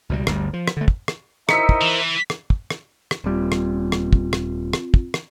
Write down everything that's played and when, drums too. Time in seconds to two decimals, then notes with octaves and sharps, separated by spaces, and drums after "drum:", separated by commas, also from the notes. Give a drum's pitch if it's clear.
0.09 C#2 B2 F3 G3
0.27 G1 D2 G3, drum: rim click
0.53 F3
0.68 drum: rim click
0.77 D3 A3
0.88 drum: kick
1.08 drum: rim click
1.49 D#4 E4 A#4 C5 E6 B6 C#7, drum: rim click
1.69 drum: kick
1.81 E3
2.30 drum: rim click
2.50 drum: kick
2.70 drum: rim click
3.11 drum: rim click
3.24 D#1 G3 C4 F4
3.52 drum: rim click
3.92 drum: rim click
4.13 drum: kick
4.33 drum: rim click
4.73 drum: rim click
4.94 drum: kick
5.14 drum: rim click